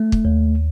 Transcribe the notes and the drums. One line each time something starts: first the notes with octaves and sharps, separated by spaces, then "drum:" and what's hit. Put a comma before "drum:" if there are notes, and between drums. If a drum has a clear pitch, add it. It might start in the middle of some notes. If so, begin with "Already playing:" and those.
Already playing: A3
drum: kick
D#2